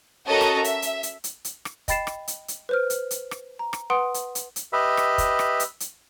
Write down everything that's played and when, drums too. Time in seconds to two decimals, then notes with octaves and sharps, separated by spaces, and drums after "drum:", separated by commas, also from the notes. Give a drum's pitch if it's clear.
0.27 C#4 F#4 A4 A#4 D#5 A#5
0.41 drum: rim click
0.64 E5, drum: hi-hat
0.82 drum: hi-hat
1.03 drum: hi-hat
1.24 drum: hi-hat
1.45 drum: hi-hat
1.65 drum: rim click
1.88 D#5 G5 B5 A6 C7 E7, drum: kick, hi-hat
2.07 drum: rim click
2.28 drum: hi-hat
2.48 drum: hi-hat
2.69 B4 C5 F6
2.90 drum: hi-hat
3.11 drum: hi-hat
3.31 drum: rim click
3.59 A#5
3.73 drum: rim click
3.90 B4 F#5 C6 D#6 D7
4.14 drum: hi-hat
4.35 drum: hi-hat
4.56 drum: hi-hat
4.73 G4 B4 D#5 E5 B5
4.97 drum: rim click
5.18 drum: kick, hi-hat
5.39 drum: rim click
5.60 drum: hi-hat
5.80 drum: hi-hat